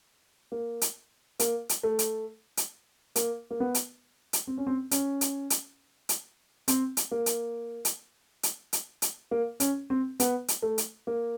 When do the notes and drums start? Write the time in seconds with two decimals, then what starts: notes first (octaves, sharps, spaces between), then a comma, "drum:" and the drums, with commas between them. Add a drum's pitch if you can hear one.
0.52 A#3
0.81 drum: hi-hat
1.39 A#3, drum: hi-hat
1.69 drum: hi-hat
1.83 A3
1.99 drum: hi-hat
2.57 drum: hi-hat
3.16 A#3, drum: hi-hat
3.51 A#3
3.60 B3
3.74 drum: hi-hat
4.33 drum: hi-hat
4.47 C4
4.58 C#4
4.67 C4
4.91 C#4, drum: hi-hat
5.21 drum: hi-hat
5.50 drum: hi-hat
6.09 drum: hi-hat
6.68 C4, drum: hi-hat
6.97 drum: hi-hat
7.11 A#3
7.26 drum: hi-hat
7.85 drum: hi-hat
8.43 drum: hi-hat
8.73 drum: hi-hat
9.02 drum: hi-hat
9.31 A#3
9.60 C#4, drum: hi-hat
9.90 C4
10.20 B3, drum: hi-hat
10.48 drum: hi-hat
10.62 A3
10.78 drum: hi-hat
11.07 A#3